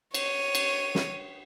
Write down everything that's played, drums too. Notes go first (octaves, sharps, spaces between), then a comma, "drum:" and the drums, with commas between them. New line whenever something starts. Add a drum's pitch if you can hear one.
C#5 D#7, drum: cymbal
drum: cymbal
drum: snare